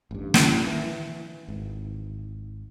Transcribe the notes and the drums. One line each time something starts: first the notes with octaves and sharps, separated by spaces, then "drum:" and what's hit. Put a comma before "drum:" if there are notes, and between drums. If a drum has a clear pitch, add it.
A1 G2
drum: snare
E3
G#1